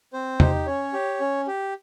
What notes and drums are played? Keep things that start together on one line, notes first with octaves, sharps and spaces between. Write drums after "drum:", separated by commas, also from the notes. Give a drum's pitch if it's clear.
C4 C5
D#4 G4, drum: tom E2
C#4 C#5
G4
C#4
G4